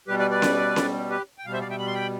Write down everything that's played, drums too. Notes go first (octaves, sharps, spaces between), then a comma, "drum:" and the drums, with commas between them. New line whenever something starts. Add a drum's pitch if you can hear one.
B2 G3 G4 B4
B4 D5
B4 D5
drum: snare C#4
drum: snare C#4
G4 B4
G5
B2 G3 F5
C5 E5
D5 F5
E5 G5
B5
C6
G5 B5